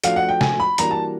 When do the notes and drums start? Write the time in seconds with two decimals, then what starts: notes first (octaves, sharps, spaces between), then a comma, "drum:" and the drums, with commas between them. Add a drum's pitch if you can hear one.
0.04 F3 A3 D4 F#4 F5, drum: hi-hat
0.16 F#5
0.29 G5
0.41 G#5, drum: snare
0.60 B5
0.78 E3 G3 A#3 D4 F#4 A#5, drum: hi-hat
0.91 A5